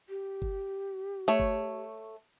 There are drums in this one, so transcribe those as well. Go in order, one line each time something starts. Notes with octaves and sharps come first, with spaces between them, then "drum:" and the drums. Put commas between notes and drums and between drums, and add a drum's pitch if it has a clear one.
G4
drum: kick G1
A3 C#5
drum: kick G1